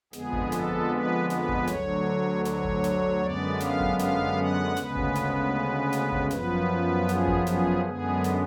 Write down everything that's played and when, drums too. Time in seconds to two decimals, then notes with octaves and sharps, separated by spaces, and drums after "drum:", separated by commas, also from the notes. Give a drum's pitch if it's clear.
0.13 F2 D3 G#3 B3 G#4, drum: snare
0.33 drum: kick G1
0.52 A4, drum: snare
0.91 B4
1.30 B4, drum: snare
1.49 drum: kick G1
1.67 D2 D3 F#3 C#5, drum: snare
2.45 C#5, drum: snare
2.64 drum: kick G1
2.84 drum: snare
3.22 F#2 D3 G#3 B3 D5
3.60 F5, drum: snare
3.80 drum: kick G1
3.99 F5, drum: snare
4.39 F#5
4.77 D2 C#3 G#3 B3 B4, drum: snare
4.96 drum: kick G1
5.15 drum: snare
5.93 drum: snare
6.12 drum: kick G1
6.31 F#2 F3 B3 B4, drum: snare
7.09 G#4, drum: snare
7.28 drum: kick G1
7.47 G#4, drum: snare
7.85 F#2 D3 G#3 B3 G#4
8.24 drum: snare